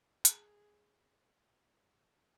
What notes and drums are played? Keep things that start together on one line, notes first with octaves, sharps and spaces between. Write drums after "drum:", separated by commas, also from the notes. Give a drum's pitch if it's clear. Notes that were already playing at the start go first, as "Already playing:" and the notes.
G#4, drum: hi-hat